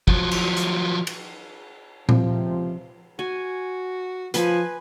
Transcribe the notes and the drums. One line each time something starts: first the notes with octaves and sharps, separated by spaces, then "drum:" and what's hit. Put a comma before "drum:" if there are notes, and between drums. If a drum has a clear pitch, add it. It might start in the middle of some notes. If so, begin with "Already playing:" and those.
F3 F#3, drum: kick
drum: cymbal
drum: hi-hat
drum: cymbal
C#2 C3 F3, drum: tom A#2
F#4 G#5
F3 B4 G#5 B5, drum: hi-hat